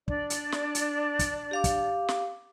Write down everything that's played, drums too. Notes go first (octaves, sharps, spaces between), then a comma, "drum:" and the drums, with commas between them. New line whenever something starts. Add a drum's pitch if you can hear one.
D4 D5, drum: kick
drum: hi-hat
drum: snare
drum: hi-hat
drum: kick, hi-hat
G4 F5 D6
drum: kick, hi-hat
drum: snare